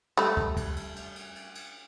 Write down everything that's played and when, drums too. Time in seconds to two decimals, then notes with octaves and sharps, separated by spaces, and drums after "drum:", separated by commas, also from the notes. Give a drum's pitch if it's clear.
0.17 G3 A3
0.37 drum: kick
0.57 drum: kick, cymbal
0.76 drum: cymbal
0.96 drum: cymbal
1.16 drum: cymbal
1.35 drum: cymbal
1.55 drum: cymbal